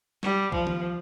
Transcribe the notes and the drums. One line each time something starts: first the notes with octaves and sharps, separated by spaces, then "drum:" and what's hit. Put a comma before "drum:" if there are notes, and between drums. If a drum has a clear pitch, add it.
G3, drum: snare
F3, drum: kick B1
drum: tom D#3